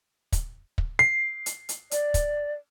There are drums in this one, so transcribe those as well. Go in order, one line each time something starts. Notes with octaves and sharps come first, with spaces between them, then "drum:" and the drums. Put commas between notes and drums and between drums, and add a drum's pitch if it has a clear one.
drum: kick, hi-hat
drum: kick
C7
drum: hi-hat
drum: hi-hat
D5, drum: hi-hat
drum: kick, hi-hat